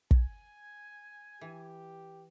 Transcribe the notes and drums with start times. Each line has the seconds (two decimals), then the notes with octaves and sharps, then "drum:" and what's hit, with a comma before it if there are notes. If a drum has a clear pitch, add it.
0.11 G#5, drum: kick
1.41 E3 G4